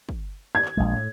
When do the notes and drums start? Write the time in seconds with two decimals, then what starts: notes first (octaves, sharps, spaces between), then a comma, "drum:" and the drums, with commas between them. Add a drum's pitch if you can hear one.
0.09 drum: kick
0.55 G#6
0.65 drum: clap
0.77 A#1 G#3
0.93 A2